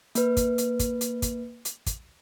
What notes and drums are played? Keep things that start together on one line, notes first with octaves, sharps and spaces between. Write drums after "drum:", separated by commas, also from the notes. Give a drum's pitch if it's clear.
A#3 B4, drum: hi-hat
drum: kick, hi-hat
drum: hi-hat
drum: kick, hi-hat
drum: hi-hat
drum: kick, hi-hat
drum: hi-hat
drum: kick, hi-hat